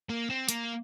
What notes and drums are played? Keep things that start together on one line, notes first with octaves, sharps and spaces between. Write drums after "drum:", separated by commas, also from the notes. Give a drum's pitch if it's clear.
A#3
C4
A#3, drum: hi-hat